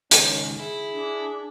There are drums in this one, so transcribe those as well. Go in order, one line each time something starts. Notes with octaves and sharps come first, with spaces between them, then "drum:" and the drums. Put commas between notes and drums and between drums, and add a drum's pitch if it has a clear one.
C#2 D#3 C#4, drum: hi-hat
E4 G#4
D4